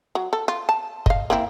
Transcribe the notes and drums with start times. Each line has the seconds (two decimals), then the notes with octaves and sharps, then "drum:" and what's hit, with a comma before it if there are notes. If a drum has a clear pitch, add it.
0.15 F#3
0.33 A4
0.48 F4
0.69 A5
1.06 D#5 F5, drum: kick
1.30 A#3 C4 E4